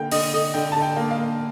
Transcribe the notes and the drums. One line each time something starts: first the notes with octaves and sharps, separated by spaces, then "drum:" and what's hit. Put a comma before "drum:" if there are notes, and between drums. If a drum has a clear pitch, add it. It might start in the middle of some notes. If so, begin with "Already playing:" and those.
Already playing: D3 A#3 G5
D3 D#5, drum: open hi-hat
D3 D#5
D3 G5
D3 A5
G5
A#3
F5
A#3